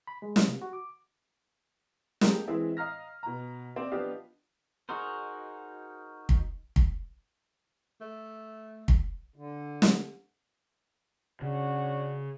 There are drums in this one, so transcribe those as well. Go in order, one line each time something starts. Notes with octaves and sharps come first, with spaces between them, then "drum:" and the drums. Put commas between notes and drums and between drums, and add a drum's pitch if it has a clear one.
B5
G#3
F5, drum: snare
C3
F#4
D6
G#3 A#3 G4 A4 A#4 D#5, drum: snare
E3 G#3 C4 E4
D#5 F5 A#5 F6 A#6
B2 A#5
C4 C5 D5
F3 B3 D4 G4 D#5 F5
D#4 F#4 G#4 A#4 C5
drum: kick
drum: kick
A3
drum: kick
D3
drum: snare
C#3 C#4 D4 F#4